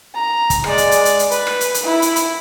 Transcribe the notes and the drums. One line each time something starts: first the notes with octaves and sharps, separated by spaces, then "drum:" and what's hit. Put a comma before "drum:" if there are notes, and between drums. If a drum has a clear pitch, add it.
A#5
drum: kick, hi-hat
G#3 D5, drum: rim click
drum: hi-hat
drum: hi-hat
drum: hi-hat
drum: hi-hat
B4, drum: hi-hat
drum: rim click
drum: hi-hat
drum: hi-hat
E4
drum: hi-hat
drum: hi-hat